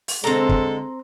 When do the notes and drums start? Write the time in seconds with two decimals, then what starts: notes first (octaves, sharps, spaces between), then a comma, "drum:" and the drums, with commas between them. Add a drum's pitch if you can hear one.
0.08 drum: open hi-hat
0.24 D3 G#3 C4 A4 A#5
0.49 drum: kick